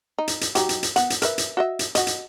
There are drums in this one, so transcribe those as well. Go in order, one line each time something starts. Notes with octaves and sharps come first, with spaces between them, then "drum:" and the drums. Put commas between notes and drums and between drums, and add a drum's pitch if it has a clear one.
D#4
drum: hi-hat
drum: hi-hat
F#3 D#4 G4, drum: hi-hat
drum: hi-hat
drum: hi-hat
B3 F#5, drum: hi-hat
drum: hi-hat
A#4 B4 E5, drum: hi-hat
drum: hi-hat
F#4 D#5 E5
drum: hi-hat
F#4 D#5, drum: hi-hat
drum: hi-hat